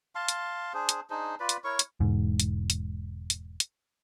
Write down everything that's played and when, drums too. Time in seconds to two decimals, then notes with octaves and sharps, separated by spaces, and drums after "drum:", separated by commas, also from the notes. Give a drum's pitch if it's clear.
0.15 F5 A5 C6
0.28 drum: hi-hat
0.74 D4 G#4 C5
0.89 drum: hi-hat
1.10 D4 D#4 G#4 C5
1.40 F4 B4 D5 B5
1.49 drum: hi-hat
1.64 E4 A#4 C#5 C#6
1.79 drum: hi-hat
2.00 E1 G#2
2.40 drum: hi-hat
2.70 drum: hi-hat
3.30 drum: hi-hat
3.60 drum: hi-hat